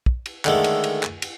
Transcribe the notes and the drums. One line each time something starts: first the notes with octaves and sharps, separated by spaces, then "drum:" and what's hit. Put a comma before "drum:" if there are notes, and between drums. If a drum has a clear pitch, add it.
drum: kick
drum: cymbal
D3 D#3 G#3 A3, drum: clap
drum: cymbal
drum: cymbal
drum: clap
drum: cymbal